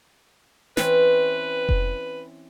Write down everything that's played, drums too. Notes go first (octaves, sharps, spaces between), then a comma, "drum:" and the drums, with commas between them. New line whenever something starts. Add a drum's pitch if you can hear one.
E3 C4 C#4 B4, drum: snare
drum: kick F1